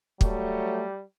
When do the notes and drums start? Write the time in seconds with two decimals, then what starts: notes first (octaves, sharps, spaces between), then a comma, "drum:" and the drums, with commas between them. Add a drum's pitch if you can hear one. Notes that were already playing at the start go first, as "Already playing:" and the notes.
0.21 F#3 G3 A3, drum: kick